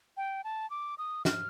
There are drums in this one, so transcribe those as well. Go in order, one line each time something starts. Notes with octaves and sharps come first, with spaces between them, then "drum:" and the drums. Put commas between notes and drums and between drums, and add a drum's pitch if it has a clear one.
G5
A5
D6
D#6
F6, drum: snare